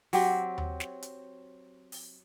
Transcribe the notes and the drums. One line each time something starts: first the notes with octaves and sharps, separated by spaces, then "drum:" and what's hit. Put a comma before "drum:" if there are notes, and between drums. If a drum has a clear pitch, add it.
F#3 C4 G4, drum: open hi-hat
drum: tom D#2
drum: snare
drum: hi-hat
drum: open hi-hat